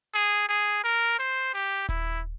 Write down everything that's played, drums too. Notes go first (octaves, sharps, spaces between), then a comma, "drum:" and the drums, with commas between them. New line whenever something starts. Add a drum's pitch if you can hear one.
G#4, drum: hi-hat
G#4
A#4, drum: hi-hat
C5, drum: hi-hat
G4, drum: hi-hat
E4, drum: kick D#1, hi-hat